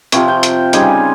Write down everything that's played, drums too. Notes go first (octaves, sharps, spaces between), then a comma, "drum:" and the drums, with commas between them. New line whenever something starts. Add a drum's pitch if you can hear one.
C3 F3 C4 F4 C#5, drum: hi-hat
G5
drum: hi-hat
C#3 G3 C4 D#4 G#5, drum: hi-hat